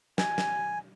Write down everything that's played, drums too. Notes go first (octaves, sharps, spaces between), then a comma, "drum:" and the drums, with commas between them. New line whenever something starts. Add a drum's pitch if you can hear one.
G#5, drum: snare
drum: snare